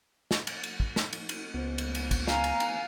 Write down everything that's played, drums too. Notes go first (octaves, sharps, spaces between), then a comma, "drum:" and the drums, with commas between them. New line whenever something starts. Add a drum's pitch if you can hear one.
drum: snare
drum: cymbal
drum: cymbal
drum: kick
drum: snare
drum: cymbal
drum: cymbal
C#2 B3 C5
drum: cymbal
drum: cymbal
drum: kick, cymbal
F5 G#5 A#5, drum: snare
drum: cymbal
drum: cymbal